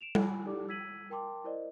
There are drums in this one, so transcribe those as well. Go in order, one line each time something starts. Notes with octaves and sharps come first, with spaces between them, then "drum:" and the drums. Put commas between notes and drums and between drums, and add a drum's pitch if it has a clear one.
D7 E7 F7
G#5 B5, drum: tom G3
D#4 G4 A4 D5 D6
E6 G#6 B6 D#7 F#7
A#4 G5 A5 C6 D6
E4 A#4 C5 D5 D#5